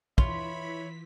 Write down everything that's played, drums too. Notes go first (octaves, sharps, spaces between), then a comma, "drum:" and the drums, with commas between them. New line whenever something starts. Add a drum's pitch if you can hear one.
E3 F4 C#5 E5 B5 B6, drum: kick